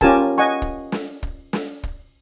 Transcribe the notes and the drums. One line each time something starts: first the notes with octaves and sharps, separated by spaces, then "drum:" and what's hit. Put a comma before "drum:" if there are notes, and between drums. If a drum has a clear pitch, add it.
C#4 F4 G4 A#4 G#5 A5, drum: kick
D#5 F#5 G#5 C#6
drum: kick
drum: snare
drum: kick
drum: snare
drum: kick